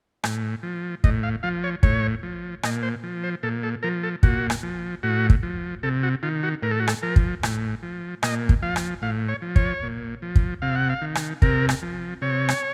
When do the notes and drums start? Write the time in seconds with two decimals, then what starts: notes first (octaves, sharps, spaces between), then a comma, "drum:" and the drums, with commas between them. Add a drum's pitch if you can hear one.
0.24 A2, drum: rim click
0.63 F3
1.04 A2 D#5, drum: kick
1.23 F5
1.43 F3 F5
1.64 C#5
1.83 A2 C#5, drum: kick
2.23 F3
2.63 A#2 D#5, drum: rim click
2.83 C5
3.03 F3
3.24 C5
3.43 A#2 A4
3.63 A4
3.83 F3 A#4
4.03 A4
4.23 A#2 F#4, drum: kick
4.50 drum: rim click
4.63 F3
5.03 A2 F#4
5.30 drum: kick
5.43 F3
5.83 C3 A4
6.03 F#4
6.23 D#3 F4
6.43 F#4
6.63 A2 A#4
6.71 A4
6.80 F#4
6.87 A4, drum: rim click
7.03 F3 A#4
7.16 drum: kick
7.43 A2, drum: rim click
7.83 F3
8.23 A#2 D#5, drum: rim click
8.49 drum: kick
8.62 F3 F5
8.76 drum: rim click
9.02 A2 F5
9.28 C#5
9.42 F3
9.56 C#5, drum: kick
9.83 A#2
10.22 F3
10.36 drum: kick
10.62 C3 F5
10.75 F#5
10.89 F5
11.01 D#3
11.15 drum: rim click
11.42 C3 A#4, drum: kick
11.69 drum: rim click
11.82 F3
12.22 C3 C#5
12.49 drum: rim click